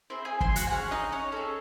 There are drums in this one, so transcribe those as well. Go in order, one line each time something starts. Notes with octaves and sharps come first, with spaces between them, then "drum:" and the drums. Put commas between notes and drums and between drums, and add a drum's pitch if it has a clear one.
C4 E4 G#4 C5
G#4 G#5
C5 C6, drum: kick
F#4 F#5, drum: hi-hat
G#5
C#4 F#4 G#4 F#5
D#4 D#5
C#4 C#5
C#4 G#4 A4